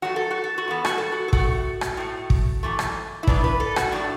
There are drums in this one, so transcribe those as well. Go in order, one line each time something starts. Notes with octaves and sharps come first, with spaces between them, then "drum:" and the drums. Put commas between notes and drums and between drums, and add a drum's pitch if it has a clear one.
F#2 F#3 A3 F#4
A4
F#4
A4
F#4
A2 E3 B3 A4
F#4, drum: rim click
A4
F#4
A4
A2 A3 F#4, drum: kick
drum: rim click
A2 A3
drum: kick
F#2 E3 A3
drum: rim click
E4
A2 E3 B3 D4, drum: kick
B4
A4
F#4, drum: rim click
A2 F#3 A3 D4